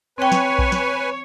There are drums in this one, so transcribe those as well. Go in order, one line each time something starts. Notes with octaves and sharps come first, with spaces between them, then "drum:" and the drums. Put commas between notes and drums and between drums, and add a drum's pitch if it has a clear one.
C4 B4 C#5 G5 G#5
drum: snare
drum: kick A#1
drum: snare